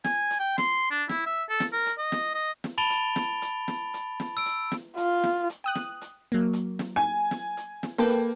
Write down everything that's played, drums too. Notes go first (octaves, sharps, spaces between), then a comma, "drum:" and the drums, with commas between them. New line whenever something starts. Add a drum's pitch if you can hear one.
G#5, drum: snare
drum: hi-hat
G5
C6, drum: snare
D4
E4, drum: snare
E5
A4
drum: snare
A#4
drum: hi-hat
D#5
drum: snare
D#5
drum: snare
A5 B5 A6 D7 F7 G7
drum: hi-hat
drum: snare
drum: hi-hat
drum: snare
drum: hi-hat
drum: snare
E6 D7
drum: hi-hat
drum: snare
F4, drum: hi-hat
drum: snare
drum: hi-hat
G5 D#6 F#6
drum: snare
drum: hi-hat
F#3 A#3
drum: hi-hat
drum: snare
G#5
drum: snare
drum: hi-hat
drum: snare
A#3 A4 B4 G5
drum: hi-hat